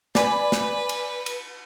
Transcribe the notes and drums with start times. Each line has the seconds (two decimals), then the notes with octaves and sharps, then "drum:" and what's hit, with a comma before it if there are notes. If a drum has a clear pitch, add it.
0.15 B4 D5 G#5 B5, drum: snare
0.52 drum: snare
0.89 drum: cymbal
1.26 drum: cymbal